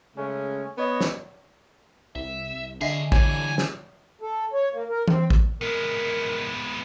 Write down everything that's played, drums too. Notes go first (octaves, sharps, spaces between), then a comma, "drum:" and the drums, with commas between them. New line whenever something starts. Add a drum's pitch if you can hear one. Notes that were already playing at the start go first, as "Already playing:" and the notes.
C#3 G#3 A3 C#4
B3 C#5 D#5
drum: snare
C2 E5
C2 D3 G#4 D#5 E5 C7, drum: tambourine
E3 G3 C#5 G#5, drum: kick
drum: snare
A4
C#5
A#3
A#4
C4, drum: tom E3
drum: kick
G#3 B3 A#4